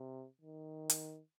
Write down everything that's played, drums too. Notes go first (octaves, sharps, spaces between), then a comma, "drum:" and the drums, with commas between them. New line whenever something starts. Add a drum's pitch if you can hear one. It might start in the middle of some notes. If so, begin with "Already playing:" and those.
Already playing: C3
D#3
drum: hi-hat